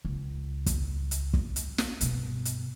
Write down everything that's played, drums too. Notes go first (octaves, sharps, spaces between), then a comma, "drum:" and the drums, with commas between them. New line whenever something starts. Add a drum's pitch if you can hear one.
C#2
drum: kick, hi-hat
drum: hi-hat
drum: kick
drum: hi-hat
drum: snare
G2 B2, drum: hi-hat
drum: hi-hat